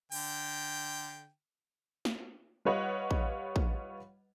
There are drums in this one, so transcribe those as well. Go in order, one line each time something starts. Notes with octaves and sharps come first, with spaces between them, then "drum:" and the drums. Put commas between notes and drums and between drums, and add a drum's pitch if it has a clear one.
D3 G5, drum: open hi-hat
drum: snare
G3 F4 B4 C#5 D#5 F#5
drum: kick
drum: kick